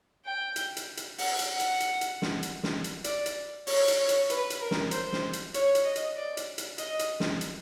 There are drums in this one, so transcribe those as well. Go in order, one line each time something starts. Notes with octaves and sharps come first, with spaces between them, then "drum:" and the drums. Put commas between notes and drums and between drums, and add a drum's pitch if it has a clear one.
G5
drum: hi-hat
drum: hi-hat
drum: hi-hat
F#5, drum: open hi-hat
drum: hi-hat
F#5
drum: hi-hat
drum: hi-hat
drum: hi-hat
drum: snare
drum: hi-hat
drum: snare
drum: hi-hat
D5, drum: hi-hat
drum: hi-hat
C#5, drum: open hi-hat
drum: hi-hat
C#5
drum: hi-hat
B4, drum: hi-hat
drum: hi-hat
A#4
drum: snare
C5, drum: hi-hat
drum: snare
drum: hi-hat
C#5, drum: hi-hat
drum: hi-hat
D#5
drum: hi-hat
D5
drum: hi-hat
drum: hi-hat
D#5, drum: hi-hat
drum: hi-hat
drum: snare
drum: hi-hat